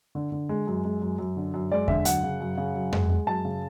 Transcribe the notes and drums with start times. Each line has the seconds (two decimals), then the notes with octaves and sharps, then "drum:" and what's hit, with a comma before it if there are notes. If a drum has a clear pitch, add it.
0.15 D3
0.32 D3
0.49 G#3
0.67 F#2
0.84 G#3
1.02 F#2
1.19 F#2
1.37 D3
1.54 F#2
1.72 G#3 D5
1.88 D3 E5, drum: kick E2
2.05 F#2 F#5, drum: hi-hat
2.23 C#3
2.41 F#2
2.57 C#3
2.74 F#2
2.93 G#3, drum: tom F2
3.10 G#3
3.27 F#2 A5
3.45 C#3